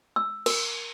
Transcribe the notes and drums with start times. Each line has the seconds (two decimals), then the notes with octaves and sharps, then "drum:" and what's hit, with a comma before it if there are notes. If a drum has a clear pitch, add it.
0.16 E6
0.46 A#4, drum: cymbal